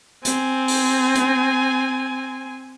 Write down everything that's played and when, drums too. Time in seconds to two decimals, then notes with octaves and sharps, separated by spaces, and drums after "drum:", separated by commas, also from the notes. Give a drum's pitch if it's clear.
0.25 C4 G#5, drum: hi-hat
0.68 drum: open hi-hat
1.15 drum: hi-hat